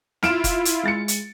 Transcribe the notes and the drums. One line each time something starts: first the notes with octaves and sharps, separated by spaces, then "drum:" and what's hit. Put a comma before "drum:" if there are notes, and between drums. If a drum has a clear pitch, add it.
E4 F4 F6 D7 E7, drum: snare
drum: kick F1, hi-hat
drum: hi-hat
G#3 A6 C#7
drum: hi-hat